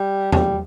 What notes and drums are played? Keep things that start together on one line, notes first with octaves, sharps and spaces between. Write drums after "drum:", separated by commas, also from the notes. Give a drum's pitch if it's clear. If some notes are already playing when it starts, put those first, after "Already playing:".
Already playing: G3
G3, drum: tom E2